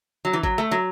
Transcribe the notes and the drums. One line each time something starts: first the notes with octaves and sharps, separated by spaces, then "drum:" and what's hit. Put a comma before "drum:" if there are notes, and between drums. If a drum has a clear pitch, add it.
F#3
E3
F#3, drum: kick A1
A3
F#3